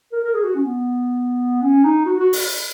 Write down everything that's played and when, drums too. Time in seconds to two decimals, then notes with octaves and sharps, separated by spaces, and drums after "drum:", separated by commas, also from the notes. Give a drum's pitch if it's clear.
0.12 A#4
0.24 A#4
0.34 G#4
0.44 F#4
0.54 C#4
0.65 B3
1.62 C#4
1.84 D#4
2.05 F#4
2.19 F#4
2.33 drum: open hi-hat